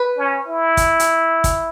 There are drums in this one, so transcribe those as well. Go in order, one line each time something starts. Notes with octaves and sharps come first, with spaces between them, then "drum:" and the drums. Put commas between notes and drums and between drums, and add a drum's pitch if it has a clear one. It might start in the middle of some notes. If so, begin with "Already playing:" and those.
Already playing: B4
C#4
E4
drum: kick, hi-hat
drum: hi-hat
drum: kick, hi-hat